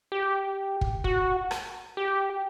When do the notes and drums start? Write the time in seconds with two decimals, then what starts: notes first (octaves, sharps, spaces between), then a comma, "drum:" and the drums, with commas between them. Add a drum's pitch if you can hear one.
0.12 G4
0.81 drum: kick
1.04 F#4, drum: kick
1.51 drum: rim click
1.97 G4